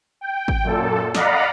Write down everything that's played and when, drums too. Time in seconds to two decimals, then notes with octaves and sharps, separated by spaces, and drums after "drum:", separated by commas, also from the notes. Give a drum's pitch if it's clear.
0.21 G5
0.48 drum: kick G#1
0.63 F#2 A#2 A4
1.15 D5 D#5 F5 F#5 A#5 B5, drum: snare